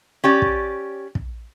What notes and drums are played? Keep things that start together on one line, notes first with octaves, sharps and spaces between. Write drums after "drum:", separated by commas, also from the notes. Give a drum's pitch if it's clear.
C#4 G4 D5
drum: kick
drum: kick